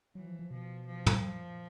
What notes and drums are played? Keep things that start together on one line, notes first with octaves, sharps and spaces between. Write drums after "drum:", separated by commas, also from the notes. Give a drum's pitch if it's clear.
E3 F#3
F3
F3
B2 F3
F3
drum: tom
A#2